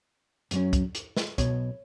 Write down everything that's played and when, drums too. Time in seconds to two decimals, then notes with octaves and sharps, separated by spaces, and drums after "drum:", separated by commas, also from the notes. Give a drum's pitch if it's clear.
0.51 F#2 F#3 C#4, drum: hi-hat
0.73 drum: kick, hi-hat
0.95 drum: hi-hat
1.17 drum: snare
1.38 B1 B2 B3 C#5, drum: kick, hi-hat